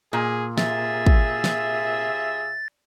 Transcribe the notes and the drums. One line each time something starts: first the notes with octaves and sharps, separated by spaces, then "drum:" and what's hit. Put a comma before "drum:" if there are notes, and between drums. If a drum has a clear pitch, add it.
A#2 G#4
C3 F4 G#4 E5 A6, drum: snare
drum: kick
drum: snare